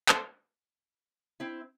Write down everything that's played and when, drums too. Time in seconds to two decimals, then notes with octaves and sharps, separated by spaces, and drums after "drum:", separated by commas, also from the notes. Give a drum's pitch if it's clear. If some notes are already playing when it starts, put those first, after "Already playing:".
0.09 A4 C5, drum: clap
1.40 C4 E4